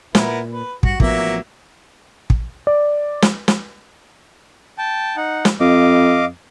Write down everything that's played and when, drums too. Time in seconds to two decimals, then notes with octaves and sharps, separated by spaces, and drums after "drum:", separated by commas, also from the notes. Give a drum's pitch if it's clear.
0.15 A#2 B3 E4 A#4, drum: snare
0.51 B4
0.83 G2 F#4, drum: kick
1.00 A1 F3 F#3 A#3 B3 E5, drum: kick
2.30 drum: kick
2.67 D5
3.22 drum: snare
3.48 drum: snare
4.78 G5 A5
5.17 D#4 F#5
5.45 drum: snare
5.60 F2 D#5 F5 D6